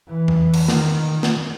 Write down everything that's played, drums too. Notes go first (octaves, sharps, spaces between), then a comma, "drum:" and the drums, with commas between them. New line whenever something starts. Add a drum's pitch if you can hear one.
E3
drum: tom E2
drum: cymbal
D#3, drum: snare
drum: snare